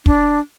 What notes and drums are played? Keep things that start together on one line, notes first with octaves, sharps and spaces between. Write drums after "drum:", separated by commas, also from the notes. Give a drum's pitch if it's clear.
D4, drum: kick